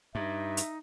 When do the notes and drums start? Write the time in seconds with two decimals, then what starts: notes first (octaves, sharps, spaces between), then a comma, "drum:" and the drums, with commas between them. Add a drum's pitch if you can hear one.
0.15 G2 D#4 E5
0.57 drum: hi-hat